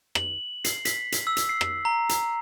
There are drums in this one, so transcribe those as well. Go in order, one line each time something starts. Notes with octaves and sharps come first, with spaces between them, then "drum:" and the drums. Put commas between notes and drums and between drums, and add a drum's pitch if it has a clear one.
F#7, drum: rim click
C7, drum: hi-hat
B6, drum: hi-hat
drum: hi-hat
E6
drum: hi-hat
C7
drum: rim click
A#5
drum: hi-hat